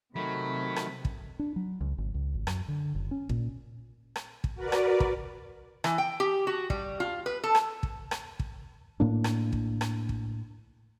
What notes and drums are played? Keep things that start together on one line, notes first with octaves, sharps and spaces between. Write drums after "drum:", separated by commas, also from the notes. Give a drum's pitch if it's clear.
C3 D#3 F#3 A3 B5
drum: rim click
drum: kick
D4
F#3
C#2
G#1
C#2
G#1
F#2, drum: rim click
D3
F#1
C#4
A#2, drum: kick
drum: rim click
drum: kick
F#4 A#4 B4 D5
drum: rim click
drum: kick
E3, drum: rim click
G5
G4
F#4
G3, drum: kick
F4
B4
A4
drum: rim click
drum: kick
drum: rim click
drum: kick
A2 A#3 D4
drum: rim click
drum: kick
drum: rim click
drum: kick